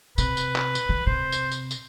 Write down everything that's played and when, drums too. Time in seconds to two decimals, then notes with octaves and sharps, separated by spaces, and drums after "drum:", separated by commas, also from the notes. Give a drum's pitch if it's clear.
0.18 C3 B4, drum: tambourine
0.37 drum: tambourine
0.56 drum: clap
0.75 drum: tambourine
0.89 D3
1.07 C3 C5
1.32 drum: tambourine
1.52 drum: tambourine
1.71 drum: tambourine